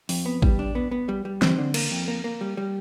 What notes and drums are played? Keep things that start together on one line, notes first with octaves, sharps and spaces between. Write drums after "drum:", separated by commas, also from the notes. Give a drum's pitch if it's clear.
F2, drum: open hi-hat
B3
G3, drum: kick
D4
B3
B3
G3
G3
C4, drum: snare
D3
A#3, drum: cymbal
F2
A#3
A#3
G3
G3